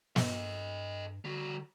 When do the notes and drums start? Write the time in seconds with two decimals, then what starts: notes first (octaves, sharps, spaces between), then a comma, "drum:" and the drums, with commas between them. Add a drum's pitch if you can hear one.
0.16 G2 A4 D#5, drum: snare
1.25 D3 G3 F#4